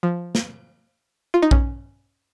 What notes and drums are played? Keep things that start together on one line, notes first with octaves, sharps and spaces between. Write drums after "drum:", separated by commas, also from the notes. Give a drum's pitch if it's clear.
F3
drum: snare
F4
D#4
C#4, drum: kick A#1